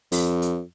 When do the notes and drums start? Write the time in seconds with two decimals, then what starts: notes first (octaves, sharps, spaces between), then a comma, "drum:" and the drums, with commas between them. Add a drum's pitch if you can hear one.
0.12 F2, drum: open hi-hat
0.42 drum: hi-hat